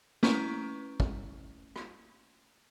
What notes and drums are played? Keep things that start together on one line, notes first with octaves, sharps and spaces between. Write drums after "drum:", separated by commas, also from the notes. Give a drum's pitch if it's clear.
A3 C#4 E4 B4 A#5 C#6, drum: snare
drum: kick
drum: rim click